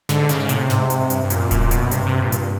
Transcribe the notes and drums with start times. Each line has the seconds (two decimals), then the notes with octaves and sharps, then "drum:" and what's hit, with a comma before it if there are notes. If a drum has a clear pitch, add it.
0.09 G#2 D3, drum: snare
0.29 G#2 C#3, drum: hi-hat
0.40 C#3
0.49 A2 C3, drum: hi-hat
0.70 G#2, drum: snare
0.90 G#2, drum: hi-hat
1.10 G2, drum: hi-hat
1.24 G2
1.30 F#2 A#2, drum: hi-hat
1.51 A#2, drum: kick D1, hi-hat
1.71 B2, drum: hi-hat
1.91 G2 C3, drum: hi-hat
2.06 C3
2.22 A#2
2.32 drum: hi-hat